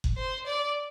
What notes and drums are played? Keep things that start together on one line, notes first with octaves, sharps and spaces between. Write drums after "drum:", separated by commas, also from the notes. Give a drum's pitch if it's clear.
drum: kick F#1
C5
D5